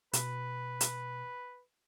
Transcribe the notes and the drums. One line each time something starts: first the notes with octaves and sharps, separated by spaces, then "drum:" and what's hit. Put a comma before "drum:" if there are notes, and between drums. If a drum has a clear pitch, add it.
B2 B4, drum: hi-hat
drum: hi-hat